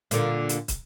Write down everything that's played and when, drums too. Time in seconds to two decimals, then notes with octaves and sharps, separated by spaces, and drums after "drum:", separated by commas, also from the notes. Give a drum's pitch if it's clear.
0.11 A#2 D3, drum: hi-hat
0.49 drum: hi-hat
0.68 drum: kick, hi-hat